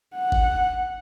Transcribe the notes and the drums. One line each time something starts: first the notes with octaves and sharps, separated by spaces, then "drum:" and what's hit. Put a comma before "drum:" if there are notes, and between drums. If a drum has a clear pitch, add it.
F#5
drum: kick G1